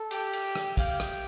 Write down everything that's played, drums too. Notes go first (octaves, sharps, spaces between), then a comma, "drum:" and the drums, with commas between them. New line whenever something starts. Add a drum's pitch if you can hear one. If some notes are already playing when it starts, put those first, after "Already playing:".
Already playing: A4
G4, drum: cymbal
drum: cymbal
drum: rim click
G4 F5, drum: kick, cymbal
drum: rim click